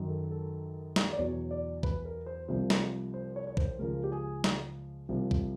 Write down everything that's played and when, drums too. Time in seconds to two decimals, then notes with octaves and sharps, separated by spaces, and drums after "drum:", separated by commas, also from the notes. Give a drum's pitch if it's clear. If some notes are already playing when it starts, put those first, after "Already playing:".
Already playing: F#2 D#3 F#3
0.09 A4
0.31 A4
0.96 drum: snare
1.13 D5
1.18 E2 B2 F#3 C#5
1.51 D5
1.83 B4, drum: kick
2.05 A#4
2.26 C5
2.48 C2 C3 F3 C5
2.70 drum: snare
3.14 C5
3.36 C#5
3.47 C#5
3.57 C5, drum: kick
3.79 C#2 C#3 F3 A#4
4.03 G4
4.12 G#4
4.44 drum: snare
5.09 C2 C3 F3
5.31 drum: kick